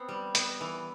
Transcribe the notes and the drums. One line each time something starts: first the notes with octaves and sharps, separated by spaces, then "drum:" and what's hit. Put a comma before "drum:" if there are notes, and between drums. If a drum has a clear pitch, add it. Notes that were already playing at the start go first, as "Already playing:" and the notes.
Already playing: B3 C4
G3
B3, drum: hi-hat
E3